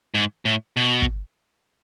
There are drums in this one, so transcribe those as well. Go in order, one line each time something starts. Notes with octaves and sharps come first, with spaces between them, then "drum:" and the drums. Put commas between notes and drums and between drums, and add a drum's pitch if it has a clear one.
G#2
A2
B2
drum: kick